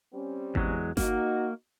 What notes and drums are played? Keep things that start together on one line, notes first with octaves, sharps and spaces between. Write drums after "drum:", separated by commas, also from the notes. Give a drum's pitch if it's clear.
G3 C4 C#4
E2 F#3 G#3, drum: kick G#1
A#3 D#4 F#4, drum: snare G1